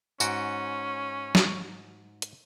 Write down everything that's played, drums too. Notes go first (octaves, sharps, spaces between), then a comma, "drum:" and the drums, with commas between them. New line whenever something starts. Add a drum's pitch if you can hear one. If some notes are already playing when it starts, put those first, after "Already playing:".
G#2 C#4 F#4 G5, drum: tambourine
drum: snare
drum: hi-hat